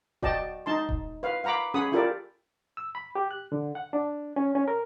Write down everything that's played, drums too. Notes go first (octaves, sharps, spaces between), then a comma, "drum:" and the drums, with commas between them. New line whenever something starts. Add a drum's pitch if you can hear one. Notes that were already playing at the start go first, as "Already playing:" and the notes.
F#4 D5 D#5 G5 A5, drum: kick D#1
D#4 A5 C6
drum: kick D#1
B4 F5
F5 F#5 A#5 B5 D6
C#4 G#4 F#5 B5 D#6
E4 F4 G4 A4 A#4 D5
E6
B5
G4
F#6
D3
F#5
D4
C#4
C#4
A#4